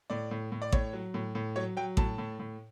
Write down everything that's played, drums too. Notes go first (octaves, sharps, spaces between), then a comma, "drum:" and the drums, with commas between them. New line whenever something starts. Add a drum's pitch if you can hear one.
A2 D5
A2
A2
D5
A2 C#5, drum: kick A1
F#3
A2
A2
F#3 C#5
F#3 G5
A2 A5, drum: kick A1
A2
A2